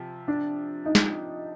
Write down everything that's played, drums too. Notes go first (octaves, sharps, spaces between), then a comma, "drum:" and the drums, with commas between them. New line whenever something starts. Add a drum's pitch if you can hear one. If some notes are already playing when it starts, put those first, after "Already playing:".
Already playing: C3 F3
D4
D#4
drum: snare